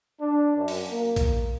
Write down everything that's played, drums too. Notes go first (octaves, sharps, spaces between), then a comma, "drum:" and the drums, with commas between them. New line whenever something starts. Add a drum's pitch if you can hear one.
D4
F#2
drum: open hi-hat
A#3
drum: kick, hi-hat